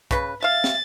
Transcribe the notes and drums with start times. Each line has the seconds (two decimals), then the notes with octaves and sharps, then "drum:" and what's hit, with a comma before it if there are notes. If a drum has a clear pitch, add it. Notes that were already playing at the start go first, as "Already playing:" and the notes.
0.11 C#3 B4, drum: kick, hi-hat
0.42 E5 F5 A6
0.64 drum: snare